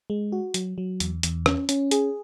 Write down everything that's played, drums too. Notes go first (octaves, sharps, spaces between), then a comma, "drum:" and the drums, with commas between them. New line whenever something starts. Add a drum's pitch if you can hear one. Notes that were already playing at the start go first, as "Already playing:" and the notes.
G#3
F#4
F#3, drum: hi-hat
F#3
E2, drum: hi-hat
E2, drum: hi-hat
C#4, drum: rim click
C#4, drum: hi-hat
G#4, drum: hi-hat